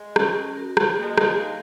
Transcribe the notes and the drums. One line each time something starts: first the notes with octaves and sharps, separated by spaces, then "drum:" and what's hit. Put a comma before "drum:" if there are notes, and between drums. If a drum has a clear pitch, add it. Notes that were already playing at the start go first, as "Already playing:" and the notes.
Already playing: G#3
C#4, drum: rim click
F#4 A#4
drum: rim click
G#3 A#3
drum: rim click
D#4 A#4 F5